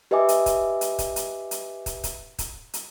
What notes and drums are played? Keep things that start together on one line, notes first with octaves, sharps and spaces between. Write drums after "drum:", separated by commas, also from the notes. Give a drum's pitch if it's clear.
G4 B4 D#5 E5 G#5 D6
drum: hi-hat
drum: kick, hi-hat
drum: hi-hat
drum: kick, hi-hat
drum: hi-hat
drum: hi-hat
drum: kick, hi-hat
drum: kick, hi-hat
drum: kick, hi-hat
drum: hi-hat